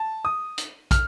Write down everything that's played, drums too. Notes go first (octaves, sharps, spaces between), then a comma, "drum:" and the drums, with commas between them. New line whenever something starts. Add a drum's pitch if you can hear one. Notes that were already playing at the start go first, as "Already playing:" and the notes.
Already playing: A5
D#6
drum: hi-hat
F6, drum: kick, hi-hat